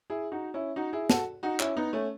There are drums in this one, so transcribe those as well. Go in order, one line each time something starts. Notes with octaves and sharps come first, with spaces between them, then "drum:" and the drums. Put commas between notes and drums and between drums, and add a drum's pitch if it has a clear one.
E4 G#4
D#4 F#4
C#4 E4
D#4 F#4
E4 G#4
F#4 A4, drum: snare
D#4 F#4
C#4 E4, drum: clap
B3 D#4
A3 C#4